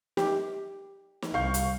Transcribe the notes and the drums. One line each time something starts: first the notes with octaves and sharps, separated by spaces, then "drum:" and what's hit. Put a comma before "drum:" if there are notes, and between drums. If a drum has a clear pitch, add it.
G4, drum: snare
drum: snare
C2 F5 C#6 G6
drum: hi-hat